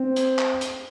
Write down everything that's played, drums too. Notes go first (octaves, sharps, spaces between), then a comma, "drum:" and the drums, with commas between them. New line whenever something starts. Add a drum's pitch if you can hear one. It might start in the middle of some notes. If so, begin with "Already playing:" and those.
Already playing: C4
drum: hi-hat
drum: clap
drum: hi-hat